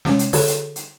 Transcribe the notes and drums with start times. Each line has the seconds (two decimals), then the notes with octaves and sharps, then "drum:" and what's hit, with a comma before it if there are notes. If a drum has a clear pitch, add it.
0.05 C3 G#3 C#4 C#5, drum: snare
0.19 drum: hi-hat
0.33 D3 F#4 G#4 A4 C#5, drum: open hi-hat
0.47 drum: hi-hat
0.76 drum: hi-hat